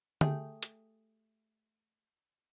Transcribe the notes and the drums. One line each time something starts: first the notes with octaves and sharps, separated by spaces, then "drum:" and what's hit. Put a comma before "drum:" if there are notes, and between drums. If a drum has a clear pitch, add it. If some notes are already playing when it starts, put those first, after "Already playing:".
A3 G4 G#4, drum: tom D3
drum: hi-hat